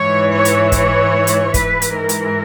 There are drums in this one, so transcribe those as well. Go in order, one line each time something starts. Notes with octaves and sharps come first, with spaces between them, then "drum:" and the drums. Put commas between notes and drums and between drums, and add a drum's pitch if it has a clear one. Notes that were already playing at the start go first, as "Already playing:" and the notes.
Already playing: G#2 E3 C#5
C#5
drum: hi-hat
C#5, drum: kick, hi-hat
drum: hi-hat
G#2 E3 B4, drum: kick, hi-hat
drum: hi-hat
A#4
drum: hi-hat